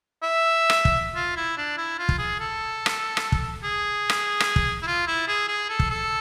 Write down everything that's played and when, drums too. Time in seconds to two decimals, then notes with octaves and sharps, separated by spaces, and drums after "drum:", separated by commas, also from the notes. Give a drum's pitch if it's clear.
0.23 E5
0.70 drum: rim click
0.85 drum: kick
1.15 F4
1.37 E4
1.57 D4
1.78 E4
1.98 F4
2.09 drum: kick
2.18 G#4
2.40 A4
2.86 drum: rim click
3.17 drum: rim click
3.32 drum: kick
3.64 G#4
4.10 drum: rim click
4.40 drum: rim click
4.56 drum: kick
4.82 E4
4.87 F4
5.07 E4
5.28 G#4
5.48 G#4
5.69 A4
5.79 drum: kick
5.90 A4